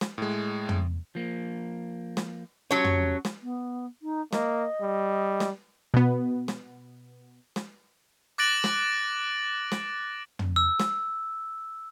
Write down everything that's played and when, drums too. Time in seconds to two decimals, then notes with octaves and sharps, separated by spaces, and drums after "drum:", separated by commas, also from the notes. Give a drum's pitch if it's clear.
0.01 drum: snare
0.18 A2 G#3
0.69 drum: tom
1.15 F3 A#3
2.17 drum: snare
2.71 F#3 C#4 G4 C#5 A5
2.84 drum: tom
3.25 drum: snare
3.42 B3
4.02 D#4
4.33 A#3 D#5, drum: snare
4.82 G3
5.40 drum: snare
5.94 B2 B3
6.48 drum: snare
7.56 drum: snare
8.38 D6 F#6 A6 A#6 D7 F#7
8.64 drum: snare
9.72 drum: snare
10.39 drum: tom
10.56 E6
10.80 drum: snare